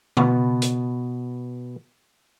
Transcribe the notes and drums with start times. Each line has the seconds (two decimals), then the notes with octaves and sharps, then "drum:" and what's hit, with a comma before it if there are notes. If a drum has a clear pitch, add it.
0.17 B2 B3, drum: tom
0.62 drum: hi-hat